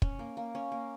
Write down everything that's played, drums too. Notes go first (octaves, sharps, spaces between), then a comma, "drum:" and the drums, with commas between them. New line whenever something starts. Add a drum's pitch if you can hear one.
C#4, drum: kick
A#3
A#3
C#4
A#3